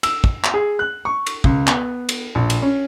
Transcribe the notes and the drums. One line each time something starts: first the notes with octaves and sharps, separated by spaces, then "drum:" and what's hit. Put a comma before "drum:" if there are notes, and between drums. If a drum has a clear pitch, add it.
E6, drum: cymbal
drum: kick
drum: clap
G#4
F#6
C#6
drum: cymbal
C#2, drum: kick
B3, drum: clap
drum: cymbal
A#1
drum: cymbal
C#4